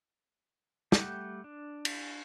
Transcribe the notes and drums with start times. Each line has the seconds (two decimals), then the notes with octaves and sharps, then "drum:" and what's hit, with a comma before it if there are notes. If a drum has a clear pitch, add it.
0.92 G3 A3 G4 F#5 G5, drum: snare
1.44 D4
1.85 drum: cymbal